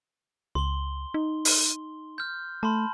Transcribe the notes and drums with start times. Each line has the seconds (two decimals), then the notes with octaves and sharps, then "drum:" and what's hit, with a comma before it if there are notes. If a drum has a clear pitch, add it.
0.55 C#2 C6 G7
1.14 D#4
1.45 drum: open hi-hat
2.18 F6 G6
2.63 A3 A5 B5 C6